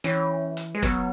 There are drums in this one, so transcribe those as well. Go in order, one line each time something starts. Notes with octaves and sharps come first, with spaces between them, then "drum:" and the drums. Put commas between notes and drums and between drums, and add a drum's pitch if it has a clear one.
E3 C#4 C#5, drum: hi-hat
drum: hi-hat
G#3
F#3 B3 B4, drum: kick, hi-hat